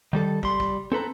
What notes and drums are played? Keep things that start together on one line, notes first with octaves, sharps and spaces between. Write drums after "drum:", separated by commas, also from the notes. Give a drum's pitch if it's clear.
D#3 G3 A4
G3 C6, drum: kick
drum: kick
C4 A4 B4 A#5